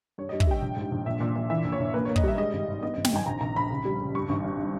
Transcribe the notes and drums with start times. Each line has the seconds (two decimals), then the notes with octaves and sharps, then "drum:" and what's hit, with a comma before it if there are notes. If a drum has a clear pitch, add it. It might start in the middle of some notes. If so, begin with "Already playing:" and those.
0.18 G2 C#5
0.29 G3 D#5
0.40 E5, drum: kick
0.47 G3 G5
0.62 A#1
0.76 G#2
0.91 A#1
1.06 A#2 E5
1.20 A#2
1.36 A#2
1.50 E3 E5
1.64 A#1
1.72 C#5
1.79 A#1
1.94 A#3 B4
2.05 A#3 C#5
2.16 D#5, drum: kick
2.23 G3 E5
2.38 G#3 D#5
2.53 G#1
2.68 G#2
2.83 B3 D#5
2.94 G#1 D#5
3.05 G5, drum: snare
3.12 G#1 G#5
3.26 A#1 A#5
3.41 A#1 A#5
3.56 A#1 B5
3.70 C#2
3.85 G3
4.00 C#2
4.15 G2 C#6
4.29 G#1
4.44 G2